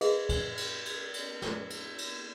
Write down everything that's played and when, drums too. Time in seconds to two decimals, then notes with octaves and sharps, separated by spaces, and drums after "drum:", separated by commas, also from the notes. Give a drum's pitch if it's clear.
0.01 G#4 A#4 B4 D#5 F5, drum: cymbal
0.29 drum: kick, cymbal
0.57 drum: cymbal
0.86 drum: cymbal
1.14 drum: cymbal
1.42 drum: snare
1.70 drum: cymbal
1.98 drum: cymbal